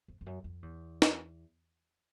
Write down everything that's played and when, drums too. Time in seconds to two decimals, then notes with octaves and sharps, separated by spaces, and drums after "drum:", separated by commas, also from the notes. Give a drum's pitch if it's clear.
0.08 F2
0.21 F2
0.26 F#2
0.44 F2
0.62 E2
1.02 drum: snare